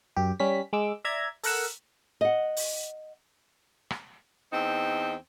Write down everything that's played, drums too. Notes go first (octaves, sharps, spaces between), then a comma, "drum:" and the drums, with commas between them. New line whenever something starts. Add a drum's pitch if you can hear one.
F#2 G4
G3 C#4 B6
G#3 D6 E6
D5 E5 A#5 G#6
A4 A#4 F#5 E6, drum: open hi-hat
D#5 F#5
drum: open hi-hat
drum: rim click
E2 C4 D#4